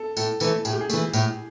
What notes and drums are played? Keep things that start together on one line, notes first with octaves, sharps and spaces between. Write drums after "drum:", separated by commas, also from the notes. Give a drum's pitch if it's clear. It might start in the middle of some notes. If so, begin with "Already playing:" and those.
Already playing: A4
A2 A4, drum: tambourine
E3 A3 A4, drum: tambourine
A2 G#4, drum: tambourine
G4
G#4
E3 A3, drum: tambourine
A2, drum: tambourine